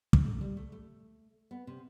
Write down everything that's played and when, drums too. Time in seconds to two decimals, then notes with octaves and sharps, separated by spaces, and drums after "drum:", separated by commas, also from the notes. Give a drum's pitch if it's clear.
0.13 drum: kick
0.25 A3
0.41 G3
0.57 A3
0.72 A3
1.51 B3
1.67 C3